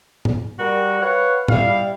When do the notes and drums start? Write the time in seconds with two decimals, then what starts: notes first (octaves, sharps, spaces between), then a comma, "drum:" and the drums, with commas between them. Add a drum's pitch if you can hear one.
0.25 drum: tom G#2
0.58 G3 F#4 A#4
1.00 B4 C#5 F5 F#5
1.48 G3 E4 F5, drum: tom G#2